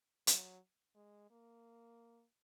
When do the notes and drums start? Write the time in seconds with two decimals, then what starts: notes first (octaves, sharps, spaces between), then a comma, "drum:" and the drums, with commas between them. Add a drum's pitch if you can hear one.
0.27 F#3, drum: hi-hat
0.95 G#3
1.31 A#3